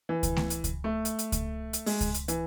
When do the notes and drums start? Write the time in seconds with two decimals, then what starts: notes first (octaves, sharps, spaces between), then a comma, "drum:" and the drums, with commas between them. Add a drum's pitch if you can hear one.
0.09 E3
0.23 drum: kick C#2, hi-hat
0.36 drum: snare A3
0.50 drum: hi-hat
0.64 drum: kick C#2, hi-hat
0.84 A3
1.05 drum: hi-hat
1.19 drum: hi-hat
1.32 drum: kick C#2, hi-hat
1.73 drum: hi-hat
1.86 G#3, drum: open hi-hat
2.01 drum: kick C#2, hi-hat
2.14 drum: hi-hat
2.28 E3, drum: hi-hat